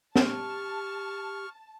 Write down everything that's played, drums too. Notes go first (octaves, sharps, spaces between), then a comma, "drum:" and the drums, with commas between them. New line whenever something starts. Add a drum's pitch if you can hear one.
G4 A5 C#6 F6, drum: snare